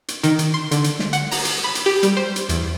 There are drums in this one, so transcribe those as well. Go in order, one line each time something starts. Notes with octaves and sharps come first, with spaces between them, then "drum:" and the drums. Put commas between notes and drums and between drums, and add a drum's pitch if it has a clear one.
drum: hi-hat
D#3, drum: hi-hat
drum: hi-hat
C6
D3, drum: hi-hat
drum: hi-hat
drum: snare
F#5, drum: hi-hat
A#5, drum: open hi-hat
drum: hi-hat
B5
drum: hi-hat
G4
G3, drum: hi-hat
C5
drum: hi-hat
E2, drum: hi-hat